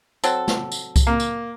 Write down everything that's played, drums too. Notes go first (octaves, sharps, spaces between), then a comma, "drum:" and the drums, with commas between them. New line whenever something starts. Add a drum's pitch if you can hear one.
F#3 C4 A4, drum: tambourine
drum: snare
drum: tambourine
drum: kick C2, tambourine
A#3
drum: tambourine